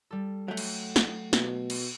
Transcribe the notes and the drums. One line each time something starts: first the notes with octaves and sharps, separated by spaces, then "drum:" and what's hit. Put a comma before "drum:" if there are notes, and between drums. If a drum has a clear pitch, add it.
G3 A4
F#3 A3 F#5 G5
drum: cymbal
drum: snare
B2, drum: snare
drum: cymbal